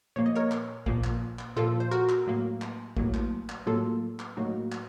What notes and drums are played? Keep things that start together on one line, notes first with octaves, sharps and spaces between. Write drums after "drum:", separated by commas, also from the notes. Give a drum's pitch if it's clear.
A#2 F3 A#3 C#5
D#5
A#4 C#5
drum: clap
A#2 F3 A#3, drum: kick G#1
drum: clap
drum: clap
A#2 F3 A#3 F4 A4
C5
F#4 A#4
drum: clap
A2 F#3 A#3
drum: clap
A2 F#3 A#3, drum: kick G#1
drum: clap
drum: clap
A2 F#3 A#3 F4 A4
drum: clap
A2 F#3 A#3 D#4 F#4
drum: clap